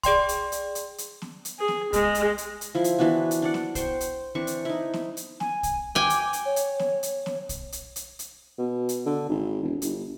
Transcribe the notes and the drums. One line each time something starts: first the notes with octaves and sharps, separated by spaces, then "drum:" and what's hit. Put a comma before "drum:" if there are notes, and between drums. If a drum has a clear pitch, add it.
G#4 D5 G5 C6, drum: kick, hi-hat
drum: hi-hat
drum: hi-hat
drum: hi-hat
drum: hi-hat
drum: snare B3
drum: hi-hat
G#4
drum: snare B3
G#3, drum: kick, hi-hat
drum: hi-hat
drum: hi-hat
drum: hi-hat
F3 E4
drum: hi-hat
E3 B3 D4 F#4
drum: hi-hat
D4 D5 F#5
drum: snare B3
C5 G5 C#6, drum: kick, hi-hat
drum: hi-hat
E3 C4 D4 C#6
drum: hi-hat
D#4 E4
drum: snare B3
drum: hi-hat
G#5, drum: snare B3
drum: kick, hi-hat
G5 G#5 D6
drum: hi-hat
drum: hi-hat
C#5
drum: hi-hat
drum: snare B3
drum: hi-hat
drum: snare B3
drum: kick, hi-hat
drum: hi-hat
drum: hi-hat
drum: hi-hat
B2
drum: hi-hat
D3
G#1
E1
G1, drum: hi-hat